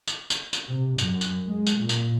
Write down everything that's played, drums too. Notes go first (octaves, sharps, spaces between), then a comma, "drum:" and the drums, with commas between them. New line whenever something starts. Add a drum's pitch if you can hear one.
drum: tambourine
drum: tambourine
drum: tambourine
C3
F#2, drum: tambourine
drum: tambourine
G#3
drum: tambourine
A#2
drum: tambourine